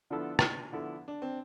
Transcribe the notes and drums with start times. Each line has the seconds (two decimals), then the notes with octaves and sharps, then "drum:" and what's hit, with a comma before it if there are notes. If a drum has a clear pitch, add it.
0.10 D3 F3 B3 D4 E4 A4
0.39 drum: rim click
0.73 D3 F3 B3 E4 A4
1.08 D4
1.22 C4